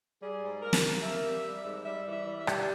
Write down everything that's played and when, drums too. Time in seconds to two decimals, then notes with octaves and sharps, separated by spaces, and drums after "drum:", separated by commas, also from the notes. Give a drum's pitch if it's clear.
0.22 G3 G#4
0.42 G#2
0.62 A#3 A#4
0.73 drum: snare
0.83 A#3
1.03 A#3 E5
1.24 G3
1.44 G3
1.65 G#2
1.85 G3 E5
2.06 E3
2.13 E5
2.26 G3
2.40 E5
2.47 G3, drum: rim click